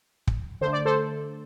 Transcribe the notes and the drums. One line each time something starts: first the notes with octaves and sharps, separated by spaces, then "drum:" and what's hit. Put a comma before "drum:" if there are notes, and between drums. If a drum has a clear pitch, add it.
drum: kick
D3 A3 C5
D5
A4 C5